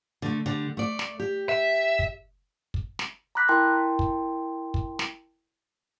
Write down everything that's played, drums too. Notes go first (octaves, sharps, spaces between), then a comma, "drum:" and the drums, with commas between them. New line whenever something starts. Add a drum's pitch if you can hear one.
D3 A3
D3 G3
A3 D5
drum: snare
G4
E5
drum: kick
drum: kick
drum: snare
A#5 B5 D6 F#6 A#6 B6
E4 A#4 G5 A5 C6
drum: kick
drum: kick
drum: snare